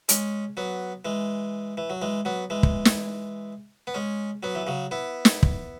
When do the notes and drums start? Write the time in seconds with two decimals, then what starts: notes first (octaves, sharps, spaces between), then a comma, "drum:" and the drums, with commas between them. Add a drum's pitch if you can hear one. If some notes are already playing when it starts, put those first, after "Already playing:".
0.09 G#3 C#4, drum: hi-hat
0.57 F#3 B3
1.05 E3 G#3
1.78 E3
1.90 F#3
2.02 E3 G#3
2.25 F#3 B3
2.50 E3 G#3
2.63 drum: kick
2.85 drum: snare
3.87 B3
3.94 G#3 C#4
4.43 F#3 B3
4.55 E3
4.67 C#3 F#3
4.91 B3 E4
5.25 drum: snare
5.43 drum: kick